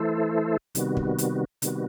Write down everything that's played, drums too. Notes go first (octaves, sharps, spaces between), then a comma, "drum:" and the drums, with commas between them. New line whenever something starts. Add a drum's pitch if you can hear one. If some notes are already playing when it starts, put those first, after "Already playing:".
Already playing: E3 A3 E4 A4 C5
C3 D#3 G3 B3 F#4, drum: hi-hat
drum: kick
drum: hi-hat
C3 D#3 G3 B3 F#4, drum: hi-hat